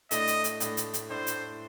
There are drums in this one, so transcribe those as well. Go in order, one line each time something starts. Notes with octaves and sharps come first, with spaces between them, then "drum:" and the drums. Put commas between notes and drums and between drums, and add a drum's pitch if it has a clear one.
A2 A3 D4 D#5, drum: hi-hat
drum: hi-hat
drum: hi-hat
A2 A3 D4, drum: hi-hat
drum: hi-hat
drum: hi-hat
A2 A3 D4 C5
drum: hi-hat